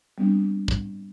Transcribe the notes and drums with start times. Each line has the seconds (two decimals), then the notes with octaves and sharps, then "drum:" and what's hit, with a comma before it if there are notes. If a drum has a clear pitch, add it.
0.18 G3 B3 C4 D4
0.68 drum: kick